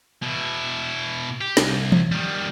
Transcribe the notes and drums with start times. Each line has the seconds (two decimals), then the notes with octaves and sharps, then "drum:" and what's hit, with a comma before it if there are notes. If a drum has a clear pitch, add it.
0.23 B2 E4
1.41 G4
1.57 C2, drum: snare
1.92 drum: tom E3
2.12 D#3 G3